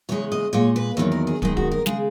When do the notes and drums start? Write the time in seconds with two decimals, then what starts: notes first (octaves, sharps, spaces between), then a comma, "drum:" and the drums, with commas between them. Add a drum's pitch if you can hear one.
0.09 E2 C#3 G#3 C#5
0.32 D#5
0.53 A#2 G#3 C#5
0.76 B4
0.97 E2 D#3 F#3 C#5
1.12 A#4
1.27 G#4
1.42 F#2 D#3 G#3 G#4, drum: kick
1.57 F#4, drum: kick
1.71 A#4
1.86 C#3 G#3 G#4, drum: snare